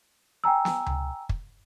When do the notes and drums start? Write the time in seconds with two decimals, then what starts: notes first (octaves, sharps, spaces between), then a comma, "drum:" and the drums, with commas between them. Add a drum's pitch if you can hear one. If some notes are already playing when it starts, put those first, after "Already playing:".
0.44 G5 G#5 A#5 E6
0.65 drum: snare
0.86 drum: tom C#2
1.29 drum: kick